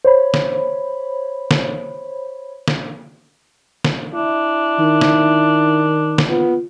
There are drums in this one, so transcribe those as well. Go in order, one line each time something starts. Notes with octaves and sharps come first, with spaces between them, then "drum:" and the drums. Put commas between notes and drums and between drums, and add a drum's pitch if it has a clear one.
C5 C#5 B5
drum: snare
drum: snare
drum: snare
drum: snare
D4 E4
D#3 D#4
drum: snare
drum: snare
B3 F4